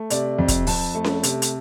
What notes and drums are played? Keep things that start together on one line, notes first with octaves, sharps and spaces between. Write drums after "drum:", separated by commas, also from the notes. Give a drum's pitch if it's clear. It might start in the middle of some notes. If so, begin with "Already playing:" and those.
Already playing: A3
C3 D5, drum: hi-hat
F2
drum: kick, hi-hat
F2 A5, drum: open hi-hat
A3
drum: snare C#4
C3, drum: hi-hat
drum: hi-hat